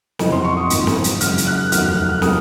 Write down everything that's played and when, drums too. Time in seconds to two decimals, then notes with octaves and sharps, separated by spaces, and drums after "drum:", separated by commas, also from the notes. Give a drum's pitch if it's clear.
0.19 F#1 F2 C3 D#5, drum: snare
0.32 C6
0.44 C#6
0.57 D#6
0.70 G#1 G#2 F3 A#3, drum: hi-hat
0.87 drum: snare
1.04 drum: hi-hat
1.20 F#1 F#2 C#3 G#3 F6, drum: hi-hat
1.38 drum: hi-hat
1.47 F#6
1.72 F1 D#2 D#3 F#3 F6, drum: hi-hat
1.84 F#6
1.97 F#6
2.09 F6
2.22 C3 F#3 A#3 D#6, drum: snare